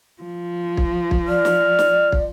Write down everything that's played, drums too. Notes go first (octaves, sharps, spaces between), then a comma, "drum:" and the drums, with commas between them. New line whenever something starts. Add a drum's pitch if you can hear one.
F3
drum: kick
drum: kick
D5 F6
drum: snare
drum: snare
drum: kick